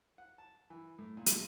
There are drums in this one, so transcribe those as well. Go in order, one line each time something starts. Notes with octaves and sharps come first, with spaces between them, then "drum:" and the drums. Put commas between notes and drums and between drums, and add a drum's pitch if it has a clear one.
F#5
A5
E3
A2
A#2
drum: hi-hat